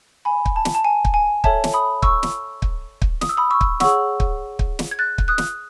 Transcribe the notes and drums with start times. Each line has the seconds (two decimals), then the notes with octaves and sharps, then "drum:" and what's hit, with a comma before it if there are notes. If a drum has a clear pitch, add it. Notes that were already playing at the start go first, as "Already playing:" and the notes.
0.25 G#5 B5
0.45 drum: kick
0.56 A5
0.65 drum: snare
0.75 A5
0.85 G#5
1.05 drum: kick
1.14 G#5
1.44 A4 C#5 E5 A5, drum: kick
1.64 drum: snare
1.74 B5 D#6
2.02 C#6 E6, drum: kick
2.23 drum: snare
2.62 drum: kick
3.02 drum: kick
3.21 D#6, drum: snare
3.29 E6
3.37 B5 D#6
3.51 C#6 E6
3.61 drum: kick
3.80 G#4 C#5 F#5 C#6 E6, drum: snare
4.20 drum: kick
4.59 drum: kick
4.79 drum: snare
4.91 G#6
4.99 F#6 A6
5.18 drum: kick
5.28 D#6 F#6
5.38 drum: snare